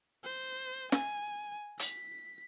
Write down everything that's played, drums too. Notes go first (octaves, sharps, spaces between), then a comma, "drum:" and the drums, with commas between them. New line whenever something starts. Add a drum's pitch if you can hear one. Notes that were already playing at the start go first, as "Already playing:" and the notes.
C5
G#5, drum: snare
B6, drum: hi-hat